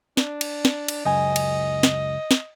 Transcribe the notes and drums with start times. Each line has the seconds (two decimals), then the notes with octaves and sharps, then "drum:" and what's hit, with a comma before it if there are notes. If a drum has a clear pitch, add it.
0.17 D4, drum: snare
0.41 drum: cymbal
0.65 drum: snare
0.88 drum: cymbal
1.05 C#2 F#2 D#5 G#5
1.36 drum: cymbal
1.83 drum: snare
2.31 drum: snare